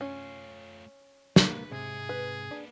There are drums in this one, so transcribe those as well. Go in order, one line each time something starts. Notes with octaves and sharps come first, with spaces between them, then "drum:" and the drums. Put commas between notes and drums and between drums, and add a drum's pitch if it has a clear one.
A3 C#4 F4
A#3 B4, drum: snare
G#2 C3 G#4
B4
A#3 D4 B4